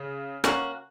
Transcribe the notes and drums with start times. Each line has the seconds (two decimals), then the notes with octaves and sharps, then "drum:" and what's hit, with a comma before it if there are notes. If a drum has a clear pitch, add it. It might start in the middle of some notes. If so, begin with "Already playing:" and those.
Already playing: C#3
0.44 A#3 C#4 F#4, drum: rim click